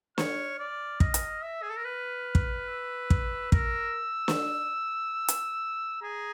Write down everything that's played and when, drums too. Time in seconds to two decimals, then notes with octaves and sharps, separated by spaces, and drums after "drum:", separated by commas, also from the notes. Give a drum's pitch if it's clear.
0.18 C#5 F6, drum: snare
0.59 D5
1.00 D#5 F6, drum: kick
1.14 drum: hi-hat
1.43 E5 E6
1.63 G#4
1.70 A4
1.77 A#4
1.84 B4 F6
2.35 drum: kick
2.68 E6
3.10 drum: kick
3.52 A#4 E6, drum: kick
4.28 drum: snare
5.28 drum: hi-hat
6.02 G#4 A#5